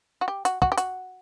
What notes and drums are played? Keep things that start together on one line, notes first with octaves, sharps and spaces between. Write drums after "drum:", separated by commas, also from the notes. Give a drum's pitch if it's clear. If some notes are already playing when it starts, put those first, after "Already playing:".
F#4
G4
F#4, drum: hi-hat
F#4, drum: kick
G4
F#4, drum: hi-hat